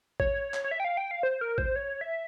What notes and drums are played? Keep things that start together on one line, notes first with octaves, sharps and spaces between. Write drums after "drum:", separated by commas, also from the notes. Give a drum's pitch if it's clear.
C#5, drum: kick
drum: clap
C#5
E5
G5
F5
G5
F5
C5
A#4
C5, drum: kick
C#5
E5